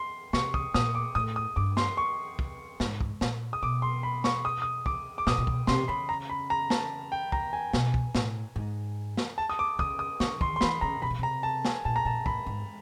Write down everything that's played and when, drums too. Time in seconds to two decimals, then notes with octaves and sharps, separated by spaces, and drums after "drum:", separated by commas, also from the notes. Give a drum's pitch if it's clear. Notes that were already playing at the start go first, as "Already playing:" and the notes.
Already playing: C6
0.33 C3 C#6, drum: snare
0.54 D#6, drum: kick
0.74 A#2 D#6, drum: snare
0.95 D6
1.15 A2 D#6
1.36 D#6
1.56 G2 D6
1.77 C6, drum: snare
1.97 C#6
2.39 drum: kick
2.80 G#2, drum: snare
3.01 drum: kick
3.21 A#2, drum: snare
3.53 D#6
3.62 B2 D6
3.82 C6
4.03 B5
4.24 C#6, drum: snare
4.45 D#6
4.62 D#6
4.86 D6, drum: kick
5.18 D6
5.27 A#2 D#6, drum: snare
5.38 A#2
5.47 B2, drum: kick
5.67 C3 C6, drum: snare
5.88 C#3 B5
6.09 A#5
6.30 B5
6.50 A#5
6.70 A5, drum: snare
7.12 G5
7.32 A#5, drum: kick
7.53 G#5
7.73 B2, drum: snare
7.94 drum: kick
8.15 A2, drum: snare
8.56 G#2
9.17 drum: snare
9.38 A5
9.50 D#6
9.59 D6
9.79 C#3 D#6, drum: kick
9.99 D#6
10.20 D3 C#6, drum: snare
10.41 D#3 C6, drum: kick
10.56 C6
10.61 E3 B5, drum: snare
10.81 C#3 A#5
11.02 C3 B5
11.10 B2
11.19 C3 A#5
11.43 A5
11.65 G#5, drum: snare
11.85 A#2 A5
11.96 A#5
12.05 A#2 A5
12.26 A2 B5, drum: kick
12.47 G#2